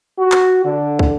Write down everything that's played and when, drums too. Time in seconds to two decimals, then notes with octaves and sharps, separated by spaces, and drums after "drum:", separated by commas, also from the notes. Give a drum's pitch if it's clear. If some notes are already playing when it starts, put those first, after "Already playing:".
0.18 F#4
0.32 drum: clap
0.63 D3
0.99 drum: kick